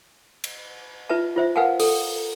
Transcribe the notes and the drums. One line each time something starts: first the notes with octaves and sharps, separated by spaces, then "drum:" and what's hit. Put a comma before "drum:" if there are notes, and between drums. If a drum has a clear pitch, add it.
drum: cymbal
F4 B4 E5 A5
F4 C5 E5
A#4 B4 F5 F#5 G#5 A5
A4, drum: open hi-hat